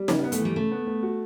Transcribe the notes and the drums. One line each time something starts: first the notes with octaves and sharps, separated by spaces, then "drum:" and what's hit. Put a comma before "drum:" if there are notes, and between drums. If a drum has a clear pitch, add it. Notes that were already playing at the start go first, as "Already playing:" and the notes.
Already playing: G3
C#3, drum: snare
B3
A3, drum: hi-hat
E3
G3
C#3 A3
B3
B3
F#4